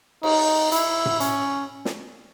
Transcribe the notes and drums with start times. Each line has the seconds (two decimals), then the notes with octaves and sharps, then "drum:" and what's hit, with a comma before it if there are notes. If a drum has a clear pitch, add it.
0.23 D#4, drum: cymbal
0.72 E4, drum: hi-hat
1.05 drum: tom A2
1.20 C#4, drum: hi-hat
1.85 drum: snare